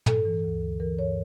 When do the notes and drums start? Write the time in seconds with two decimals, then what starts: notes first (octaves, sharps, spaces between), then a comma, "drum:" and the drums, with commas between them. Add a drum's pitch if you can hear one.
0.06 G2 A4, drum: tom
0.25 E3
0.44 D2
0.62 D3
0.80 E3 A#4
0.98 G2 C#5